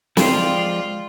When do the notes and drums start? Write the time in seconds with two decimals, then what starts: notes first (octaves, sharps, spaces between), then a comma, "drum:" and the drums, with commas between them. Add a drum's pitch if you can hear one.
0.17 F3 G#3 F4 D5 G5, drum: snare